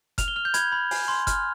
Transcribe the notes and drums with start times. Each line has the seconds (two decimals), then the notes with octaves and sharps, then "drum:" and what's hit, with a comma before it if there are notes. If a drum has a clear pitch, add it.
0.18 F6 F7, drum: kick F#1, hi-hat
0.28 G7
0.36 F6 F7
0.45 G6
0.54 B5 G#6, drum: hi-hat
0.72 B5
0.91 G#5, drum: open hi-hat
1.08 C6
1.27 F6, drum: kick F#1, hi-hat